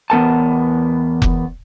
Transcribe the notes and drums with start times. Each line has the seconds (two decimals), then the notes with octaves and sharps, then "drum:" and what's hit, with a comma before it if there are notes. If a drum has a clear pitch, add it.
0.10 E2 B3 A#4 A5
1.22 drum: kick F1